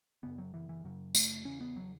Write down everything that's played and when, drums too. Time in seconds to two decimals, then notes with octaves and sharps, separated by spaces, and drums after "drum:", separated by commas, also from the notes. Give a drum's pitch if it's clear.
0.23 F#2 C#3 B3
0.38 F#3
0.54 E3
0.69 E3
0.84 F#2 C#3 F#3
1.15 A3, drum: tambourine
1.45 E2 C#3 C#4
1.61 B3
1.76 F#3